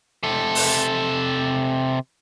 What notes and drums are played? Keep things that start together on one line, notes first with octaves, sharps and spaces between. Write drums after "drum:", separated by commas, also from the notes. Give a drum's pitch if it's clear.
C3 A4
drum: open hi-hat